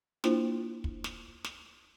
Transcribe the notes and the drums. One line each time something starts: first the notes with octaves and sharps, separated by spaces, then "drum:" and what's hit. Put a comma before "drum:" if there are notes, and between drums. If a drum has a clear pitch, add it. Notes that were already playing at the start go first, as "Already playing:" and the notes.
A#3 D4 E4 F4 C5, drum: snare
drum: kick
drum: snare
drum: snare